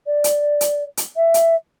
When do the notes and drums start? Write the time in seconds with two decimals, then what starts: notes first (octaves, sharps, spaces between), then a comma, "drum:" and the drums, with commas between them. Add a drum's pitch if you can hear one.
0.06 D5
0.24 drum: hi-hat
0.61 drum: hi-hat
0.97 drum: hi-hat
1.16 E5
1.34 drum: hi-hat